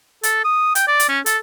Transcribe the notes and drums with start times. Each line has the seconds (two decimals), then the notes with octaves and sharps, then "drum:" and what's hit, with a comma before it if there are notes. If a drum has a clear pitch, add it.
0.23 A4, drum: hi-hat
0.44 D#6
0.75 G5, drum: hi-hat
0.87 D5
1.00 drum: hi-hat
1.09 C#4
1.26 A4, drum: hi-hat